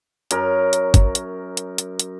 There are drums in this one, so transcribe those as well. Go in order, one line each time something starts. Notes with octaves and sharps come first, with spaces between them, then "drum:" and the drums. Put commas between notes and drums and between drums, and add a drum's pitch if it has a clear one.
F#2 A#4, drum: hi-hat
drum: hi-hat
drum: kick, hi-hat
drum: hi-hat
drum: hi-hat
drum: hi-hat
drum: hi-hat